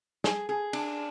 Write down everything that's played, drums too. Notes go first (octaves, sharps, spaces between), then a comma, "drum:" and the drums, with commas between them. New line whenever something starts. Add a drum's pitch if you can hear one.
G#4, drum: snare
G#4
D4, drum: cymbal